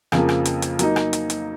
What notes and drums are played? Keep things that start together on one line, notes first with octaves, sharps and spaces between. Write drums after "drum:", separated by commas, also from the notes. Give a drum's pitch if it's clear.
F2 C#3 F3 A#3, drum: rim click
drum: rim click
drum: hi-hat
drum: hi-hat
F#3 A#3 D#4, drum: hi-hat
drum: rim click
drum: hi-hat
drum: hi-hat